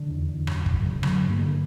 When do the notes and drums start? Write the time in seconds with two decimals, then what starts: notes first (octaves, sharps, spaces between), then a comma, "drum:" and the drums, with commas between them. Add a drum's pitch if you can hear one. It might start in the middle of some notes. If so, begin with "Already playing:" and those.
Already playing: D3
0.10 E2
0.29 E2
0.47 F#2, drum: rim click
0.66 F#2, drum: kick
0.84 C#3
1.03 D3 F#3, drum: rim click
1.21 G2
1.30 A#3
1.40 D3